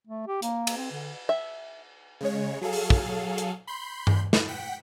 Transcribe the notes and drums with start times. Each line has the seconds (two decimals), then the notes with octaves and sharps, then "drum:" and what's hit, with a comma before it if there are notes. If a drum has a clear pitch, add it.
0.07 A3
0.27 G4
0.42 A#3, drum: hi-hat
0.67 drum: cymbal
0.77 C4
0.92 D3
1.29 E5
2.21 C#3 G#3 C#5
2.61 F#3 G#4 A4 F5
2.73 drum: open hi-hat
2.90 drum: kick
3.38 drum: hi-hat
3.67 B5 C6 G6
4.07 drum: tom G2
4.33 drum: snare
4.48 F#5 G5 B6